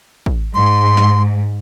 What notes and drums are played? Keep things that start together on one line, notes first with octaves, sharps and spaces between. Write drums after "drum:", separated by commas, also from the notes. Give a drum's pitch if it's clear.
drum: kick
G#2 C6
drum: snare